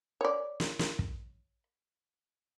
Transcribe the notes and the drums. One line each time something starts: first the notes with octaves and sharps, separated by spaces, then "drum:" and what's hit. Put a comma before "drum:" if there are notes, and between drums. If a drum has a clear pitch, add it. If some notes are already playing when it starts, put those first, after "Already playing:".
C#5 D5
drum: snare
drum: snare
drum: kick